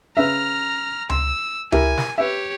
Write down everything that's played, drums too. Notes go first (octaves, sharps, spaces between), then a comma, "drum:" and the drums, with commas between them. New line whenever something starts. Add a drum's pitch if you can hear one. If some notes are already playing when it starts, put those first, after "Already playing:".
C#3 B4 E5 A#5 F6
C6 E6, drum: tom C#2
E4 G4 A#4 G#5, drum: tom C#2
drum: snare
G4 B4 C#5 E5